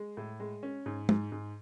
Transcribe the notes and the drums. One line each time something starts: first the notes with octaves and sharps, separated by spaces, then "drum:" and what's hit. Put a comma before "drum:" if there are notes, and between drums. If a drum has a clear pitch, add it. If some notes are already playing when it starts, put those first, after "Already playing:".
Already playing: G#3
A2
G#3
C#4
G#2
G#2, drum: tom
G#2